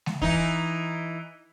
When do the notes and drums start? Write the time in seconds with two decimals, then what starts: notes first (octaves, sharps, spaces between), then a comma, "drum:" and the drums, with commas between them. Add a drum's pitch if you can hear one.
0.06 drum: snare G#3
0.22 E3 D#4, drum: kick